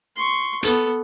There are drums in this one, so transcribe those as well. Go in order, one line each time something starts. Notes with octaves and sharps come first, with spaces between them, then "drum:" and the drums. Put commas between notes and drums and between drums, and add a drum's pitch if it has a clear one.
C6 C#6
B3 A4, drum: hi-hat